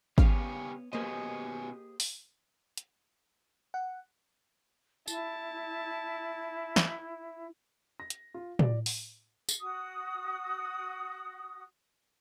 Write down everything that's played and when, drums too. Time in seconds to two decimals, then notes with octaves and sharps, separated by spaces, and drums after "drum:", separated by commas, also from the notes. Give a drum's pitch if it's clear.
0.18 C#3 G3 B3 C#4 C#5 F5, drum: kick G#1
0.93 B2 A#3 C#4 G4 G#4 C5 D#5
2.00 drum: open hi-hat
2.77 drum: hi-hat
3.74 F#5
5.08 E4 A5, drum: tambourine
6.76 drum: snare
8.00 A#6
8.10 drum: hi-hat
8.34 F4
8.59 D5, drum: tom
8.86 drum: open hi-hat
9.49 drum: tambourine
9.60 F#4 D#6